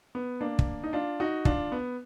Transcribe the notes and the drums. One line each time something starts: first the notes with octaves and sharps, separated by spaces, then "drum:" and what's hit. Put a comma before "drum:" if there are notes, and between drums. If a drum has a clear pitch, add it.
B3
A#3 D4
drum: kick
D#4
D4 F4
D#4 F#4
D4 F4, drum: kick
B3